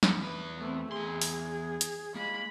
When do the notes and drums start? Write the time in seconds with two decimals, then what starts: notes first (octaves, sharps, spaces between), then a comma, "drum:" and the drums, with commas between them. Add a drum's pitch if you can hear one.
0.03 drum: snare
0.19 E2 B4
0.58 A3 C4
0.92 E2 G#4 C6
1.22 drum: open hi-hat
1.81 drum: hi-hat
2.15 G#3 A#3 B5